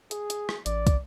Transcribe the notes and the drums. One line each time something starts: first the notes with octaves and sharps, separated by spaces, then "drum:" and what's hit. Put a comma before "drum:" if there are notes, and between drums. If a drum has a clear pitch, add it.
G#4, drum: hi-hat
drum: hi-hat
drum: rim click
A1 D5, drum: hi-hat
drum: kick, hi-hat